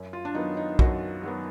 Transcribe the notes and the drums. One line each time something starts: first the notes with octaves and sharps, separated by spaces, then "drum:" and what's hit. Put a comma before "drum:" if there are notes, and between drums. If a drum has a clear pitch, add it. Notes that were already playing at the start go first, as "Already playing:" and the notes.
Already playing: F#2
F4
D4
D#3 F#3 B3 D#4
D#4
F#2 F#4, drum: kick
D#3 F#3 B3 F#4